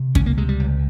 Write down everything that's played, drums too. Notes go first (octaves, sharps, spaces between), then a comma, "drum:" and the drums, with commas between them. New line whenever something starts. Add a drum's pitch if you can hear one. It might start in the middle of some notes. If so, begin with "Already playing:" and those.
Already playing: C3
C#2 C#4, drum: kick
A#3
C3 G#3
G3
C#2